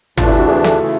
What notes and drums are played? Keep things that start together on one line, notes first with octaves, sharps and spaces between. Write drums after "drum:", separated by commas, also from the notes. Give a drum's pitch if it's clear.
D2 C3 E3 A3 D4 F4, drum: tom G#1
E4
F#4
G#4
A4, drum: snare
C#3 E3 A3